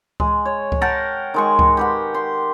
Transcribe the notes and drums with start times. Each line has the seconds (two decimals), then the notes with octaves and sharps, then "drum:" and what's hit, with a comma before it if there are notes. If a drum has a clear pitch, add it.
0.20 G#3, drum: kick C#2
0.45 C#5
0.72 drum: kick C#2
0.82 A#4 F#5 G5 A5
1.34 D#3 G#3 C#6
1.59 drum: kick C#2
1.77 G4 B4 F#5
2.14 C6